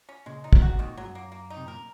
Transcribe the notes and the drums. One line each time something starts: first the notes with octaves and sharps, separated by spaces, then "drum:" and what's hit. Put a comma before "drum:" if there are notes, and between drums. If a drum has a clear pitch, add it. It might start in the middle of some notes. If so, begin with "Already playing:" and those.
C#4
A#2 C#3 G#3
D#4
G#2 C3, drum: kick
F#4
C3
A#2 D#3
G#2 F#3
F#2
A#3
A#3
D#4
C3
A#2 A#4